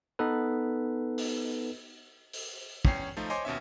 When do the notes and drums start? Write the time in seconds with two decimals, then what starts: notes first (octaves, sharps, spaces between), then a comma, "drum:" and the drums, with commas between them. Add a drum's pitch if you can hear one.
0.19 B3 D#4 A4 B4
1.18 drum: open hi-hat
2.33 drum: open hi-hat
2.85 E2 C#4 C#5 G5 C7, drum: kick
3.17 F3 A3 D#4 F4
3.30 C5 C#5 D#5 G#5 C6 D6
3.45 D#2 B2 C#4 E5